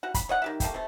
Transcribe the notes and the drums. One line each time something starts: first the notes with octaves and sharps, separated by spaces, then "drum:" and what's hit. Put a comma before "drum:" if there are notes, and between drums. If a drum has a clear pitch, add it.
G3 F#4 F#5
B5, drum: kick, hi-hat
C#5 D#5 F#5
D#3 G4 E5
A3 A#3 G4, drum: kick, hi-hat
C3 A3